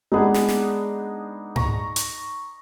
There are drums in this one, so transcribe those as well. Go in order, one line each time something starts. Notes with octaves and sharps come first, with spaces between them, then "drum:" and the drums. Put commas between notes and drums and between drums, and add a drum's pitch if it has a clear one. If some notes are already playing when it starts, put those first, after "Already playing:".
G#3 B3 D4 D#4 G#4
drum: snare
drum: snare
A#5 C#6, drum: tom G#2
drum: hi-hat